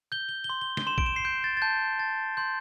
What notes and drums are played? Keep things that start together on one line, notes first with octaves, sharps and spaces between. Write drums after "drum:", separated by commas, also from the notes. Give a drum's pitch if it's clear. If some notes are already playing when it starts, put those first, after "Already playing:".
G6 G7
G7
G7
C6
G7
G7, drum: snare
C6 E7
D7, drum: kick A#1
E7
C7
G6 D7
A6
A6
A5 G6
A5 A6
C6 G6